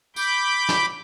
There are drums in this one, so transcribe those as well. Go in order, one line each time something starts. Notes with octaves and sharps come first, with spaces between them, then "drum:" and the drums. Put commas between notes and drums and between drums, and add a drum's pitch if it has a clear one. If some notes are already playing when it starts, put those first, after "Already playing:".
B5 D6 G6, drum: tambourine
drum: snare